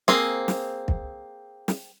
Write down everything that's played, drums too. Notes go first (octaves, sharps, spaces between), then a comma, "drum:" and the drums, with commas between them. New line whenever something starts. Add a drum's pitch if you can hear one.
A#3 C4 G#4, drum: snare
drum: snare
drum: kick
drum: snare